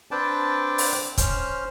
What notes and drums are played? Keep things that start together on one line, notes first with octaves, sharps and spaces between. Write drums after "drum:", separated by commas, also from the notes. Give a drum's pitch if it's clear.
C4 D4 B4 D5 G5 A5
drum: open hi-hat
C#4 C5 F6, drum: kick, hi-hat